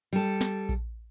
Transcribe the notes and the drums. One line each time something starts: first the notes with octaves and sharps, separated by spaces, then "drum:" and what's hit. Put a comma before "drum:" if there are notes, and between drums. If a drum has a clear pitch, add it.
G3 A4, drum: tambourine
drum: snare
drum: kick A#1, tambourine